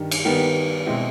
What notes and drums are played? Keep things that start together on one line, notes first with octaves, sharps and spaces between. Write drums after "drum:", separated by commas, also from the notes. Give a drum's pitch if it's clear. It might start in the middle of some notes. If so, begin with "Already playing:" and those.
Already playing: G2 D#3 G3
drum: cymbal
D#3 G3 B3
B2 G#3 C4 E4